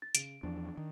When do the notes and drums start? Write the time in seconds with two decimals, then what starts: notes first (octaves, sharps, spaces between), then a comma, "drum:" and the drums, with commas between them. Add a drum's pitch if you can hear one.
0.02 A6
0.15 C#3 D7, drum: hi-hat
0.43 E2 F3 D4
0.77 D#3